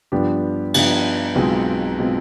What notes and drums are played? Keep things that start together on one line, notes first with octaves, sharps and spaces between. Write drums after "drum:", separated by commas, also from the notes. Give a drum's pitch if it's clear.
G2 F3 B3 D4 G4
G2 F3 B3 D4 G4, drum: cymbal
B1 B2 G#3 C4 F4
B2 G#3 C4 F4